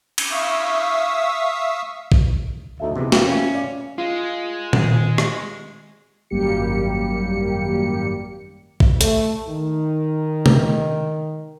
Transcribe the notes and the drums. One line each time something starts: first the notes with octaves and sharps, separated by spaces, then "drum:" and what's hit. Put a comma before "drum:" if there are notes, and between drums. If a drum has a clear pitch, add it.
drum: cymbal
E5 F5 C#6 D#6 E6
drum: kick A1
D2 D#4 A4 E5
E2 C3 E3 G#3
F4 E5, drum: snare
C#4
D5 F5
G#3 F4
D#3, drum: tom A#2
drum: rim click
G#1 F#2 G3 A#3 G4 C#7
drum: kick A1
A3, drum: hi-hat
D#3
drum: tom C3